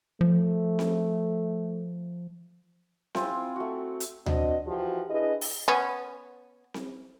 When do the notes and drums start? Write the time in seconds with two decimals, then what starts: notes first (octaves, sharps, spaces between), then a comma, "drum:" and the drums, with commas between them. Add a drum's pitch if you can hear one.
0.21 F3 A3
0.79 drum: snare C4
3.15 C4 E4 F4 G#5, drum: snare C4
3.56 A3 F#4
4.00 drum: hi-hat
4.26 C4 D4 F#4 D#5, drum: tom D2
4.67 E3 F3 F#4 G4
5.09 D4 E4 G#4 B4 D#5
5.41 drum: open hi-hat
5.68 B3 C#4
6.74 drum: snare C4